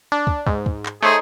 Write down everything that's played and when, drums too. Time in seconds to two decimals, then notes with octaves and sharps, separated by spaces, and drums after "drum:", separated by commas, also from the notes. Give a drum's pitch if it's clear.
0.12 D4
0.27 drum: kick
0.47 G#2, drum: kick
0.66 drum: kick
0.86 drum: clap
1.02 A3 D#4 G#4 C5 C#5